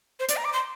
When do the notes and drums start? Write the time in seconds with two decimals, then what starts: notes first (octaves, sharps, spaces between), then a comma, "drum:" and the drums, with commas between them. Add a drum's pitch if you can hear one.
0.20 C5
0.29 D5, drum: hi-hat
0.37 A#5
0.45 D6
0.53 C6